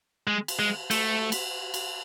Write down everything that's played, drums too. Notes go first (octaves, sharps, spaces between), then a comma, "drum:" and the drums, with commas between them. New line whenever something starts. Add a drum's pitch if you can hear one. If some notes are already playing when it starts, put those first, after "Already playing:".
G#3
drum: cymbal
G#3
A3, drum: cymbal
drum: cymbal
drum: cymbal